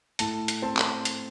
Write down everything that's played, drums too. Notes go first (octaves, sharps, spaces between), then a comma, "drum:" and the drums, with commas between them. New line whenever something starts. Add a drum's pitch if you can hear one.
A2 A5, drum: hi-hat
drum: hi-hat
C4 A5
drum: clap
drum: hi-hat